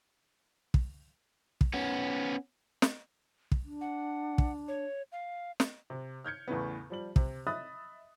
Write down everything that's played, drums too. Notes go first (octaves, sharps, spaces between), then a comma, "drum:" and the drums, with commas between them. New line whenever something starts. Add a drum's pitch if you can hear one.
drum: kick
drum: kick
B3 C#4
drum: snare
drum: kick
D4
F#5
drum: kick
C#5
F5
drum: snare
C3
F6 G6 G#6 C#7
E2 A2 C#3 B3
F3 G3 F#7
C3, drum: kick
D#5 E5 B5 D#6 F#6 A6